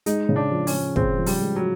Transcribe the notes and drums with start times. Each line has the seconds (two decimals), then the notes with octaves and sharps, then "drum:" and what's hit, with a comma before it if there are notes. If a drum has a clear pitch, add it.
0.06 G#3 D#4, drum: hi-hat
0.29 C#3
0.36 D4
0.52 F3
0.67 C#4, drum: open hi-hat
0.74 F3
0.96 C#3 C4, drum: kick
1.18 F3
1.26 G3, drum: open hi-hat
1.41 G#3
1.56 F#3